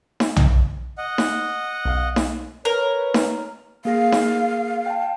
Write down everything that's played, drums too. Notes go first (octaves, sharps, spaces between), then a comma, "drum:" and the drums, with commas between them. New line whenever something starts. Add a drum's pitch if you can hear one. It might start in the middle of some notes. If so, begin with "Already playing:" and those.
drum: snare D#4
drum: tom B1
D#5 F#5
drum: snare D#4
B1 F5
drum: snare D#4
A#4 B4 C#5
drum: snare D#4
A#3 G#4 F5 A#6
drum: snare D#4
G5 A5